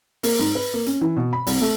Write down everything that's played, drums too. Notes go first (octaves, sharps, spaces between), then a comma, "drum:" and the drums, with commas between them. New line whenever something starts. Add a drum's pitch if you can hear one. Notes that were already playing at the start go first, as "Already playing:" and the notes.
A#3, drum: open hi-hat
G#2
B4
A#3
C#4, drum: hi-hat
E3
B2
B5
C2, drum: open hi-hat
A3